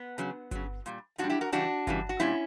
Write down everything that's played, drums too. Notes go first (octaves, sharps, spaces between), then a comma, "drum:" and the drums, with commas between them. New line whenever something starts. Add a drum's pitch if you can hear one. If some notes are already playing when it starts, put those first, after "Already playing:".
Already playing: B3
C#3 F#3, drum: hi-hat
C#3 F#3, drum: kick G1, hi-hat
A#2 G3, drum: hi-hat
A#2 D4 F#4, drum: hi-hat
G3
E4 G4
F#4 A#4
C#3 E3 G3 D4 F#4, drum: hi-hat
C#3 E3 G3, drum: kick G1, hi-hat
F#4
A#2 G3 C#4 E4, drum: hi-hat